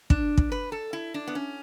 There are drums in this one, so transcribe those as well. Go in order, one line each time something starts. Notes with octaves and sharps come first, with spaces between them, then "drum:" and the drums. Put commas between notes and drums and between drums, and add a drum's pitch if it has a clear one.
D4, drum: kick
drum: kick
B4
A4
E4
D4
B3
C#4